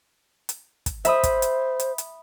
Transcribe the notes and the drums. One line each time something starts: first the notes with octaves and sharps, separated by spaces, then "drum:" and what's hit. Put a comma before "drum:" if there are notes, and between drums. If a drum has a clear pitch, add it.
drum: hi-hat
drum: kick, hi-hat
C5 E5 B5 D#6, drum: hi-hat
drum: kick, hi-hat
drum: hi-hat
drum: hi-hat
drum: hi-hat